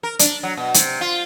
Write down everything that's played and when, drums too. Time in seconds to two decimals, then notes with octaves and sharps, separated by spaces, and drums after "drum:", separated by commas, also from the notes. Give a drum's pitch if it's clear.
0.03 A#4
0.19 D4, drum: hi-hat
0.43 F#3
0.57 B2
0.74 C3, drum: hi-hat
1.01 F4